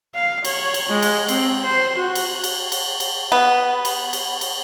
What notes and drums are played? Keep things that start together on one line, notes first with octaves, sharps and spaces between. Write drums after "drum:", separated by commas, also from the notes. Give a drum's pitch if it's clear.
F5
C#5, drum: cymbal
drum: cymbal
G#3
drum: cymbal
C4, drum: cymbal
C5
F#4
drum: cymbal
drum: cymbal
drum: cymbal
drum: cymbal
B3
drum: cymbal
drum: cymbal
drum: cymbal